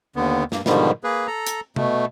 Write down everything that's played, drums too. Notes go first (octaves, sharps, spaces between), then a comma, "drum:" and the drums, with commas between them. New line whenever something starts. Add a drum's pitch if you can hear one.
D#2 D3 B3
G2 A#3, drum: snare
G#2 B2 D3 D#3 F3 G3, drum: snare
A#3 G#4 B4
A4 A#5
drum: hi-hat
B2 A3, drum: tom C3